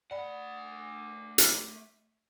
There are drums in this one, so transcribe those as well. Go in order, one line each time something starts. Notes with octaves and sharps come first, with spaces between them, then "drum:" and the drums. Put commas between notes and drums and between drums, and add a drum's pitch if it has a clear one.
A3 D5 F#5 B5
drum: hi-hat